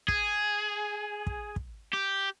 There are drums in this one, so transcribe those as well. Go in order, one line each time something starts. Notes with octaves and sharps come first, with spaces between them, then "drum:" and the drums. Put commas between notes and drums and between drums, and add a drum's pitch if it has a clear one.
G#4, drum: kick
drum: kick
drum: kick
G4